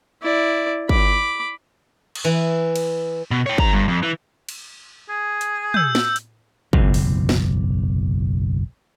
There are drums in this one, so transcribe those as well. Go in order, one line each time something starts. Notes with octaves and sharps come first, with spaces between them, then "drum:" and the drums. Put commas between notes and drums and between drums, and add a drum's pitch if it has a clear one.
E4 D5
B5 D6, drum: kick
drum: cymbal
E3
drum: cymbal
B2
C#5 G5
D#3 A#5, drum: kick
G2
F2
E3
drum: cymbal
G#4
drum: hi-hat
E6 G6, drum: tom
drum: snare
drum: hi-hat
F#1 B1 E2 C3, drum: kick
drum: open hi-hat
drum: snare